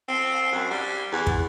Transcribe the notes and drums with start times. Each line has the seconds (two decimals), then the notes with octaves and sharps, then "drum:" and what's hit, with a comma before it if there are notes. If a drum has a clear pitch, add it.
0.08 C4
0.52 F#2
0.71 G3
1.12 E2
1.27 drum: kick